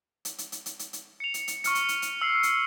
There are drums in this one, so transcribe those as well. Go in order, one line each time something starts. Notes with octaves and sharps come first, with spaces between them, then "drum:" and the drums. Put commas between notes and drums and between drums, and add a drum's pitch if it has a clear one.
drum: hi-hat
drum: hi-hat
drum: hi-hat
drum: hi-hat
drum: hi-hat
drum: hi-hat
C#7 F7
drum: hi-hat
drum: hi-hat
C#6 F6 C#7, drum: hi-hat
drum: hi-hat
drum: hi-hat
drum: hi-hat
E6 C7
drum: hi-hat